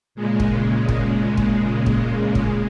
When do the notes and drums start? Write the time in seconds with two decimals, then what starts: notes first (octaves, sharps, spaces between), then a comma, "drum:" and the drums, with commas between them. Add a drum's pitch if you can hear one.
0.15 A#2 C#3 G#3
0.40 drum: kick
0.88 drum: kick
1.37 drum: kick
1.86 drum: kick
2.35 drum: kick